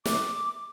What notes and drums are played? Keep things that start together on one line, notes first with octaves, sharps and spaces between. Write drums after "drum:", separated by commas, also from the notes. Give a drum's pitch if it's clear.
D6, drum: snare